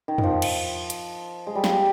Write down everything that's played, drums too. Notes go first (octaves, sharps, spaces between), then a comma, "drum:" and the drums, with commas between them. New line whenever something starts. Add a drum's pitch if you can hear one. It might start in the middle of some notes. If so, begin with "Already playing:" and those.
D#3
D#3, drum: tom
F3
drum: cymbal
drum: hi-hat
G#3
G3
F3, drum: snare
G3